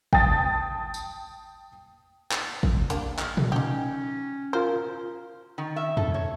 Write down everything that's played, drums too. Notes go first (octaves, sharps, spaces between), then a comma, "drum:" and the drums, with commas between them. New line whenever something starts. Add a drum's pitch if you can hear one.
G5 A5 D#6 A6, drum: kick
drum: tambourine
drum: clap
drum: kick
A#3 D4 G4, drum: hi-hat
drum: clap
drum: tom A#2
C#4 D#4 G4
F4 A#4 C5
D#3
E5
A4, drum: tom E2
C#5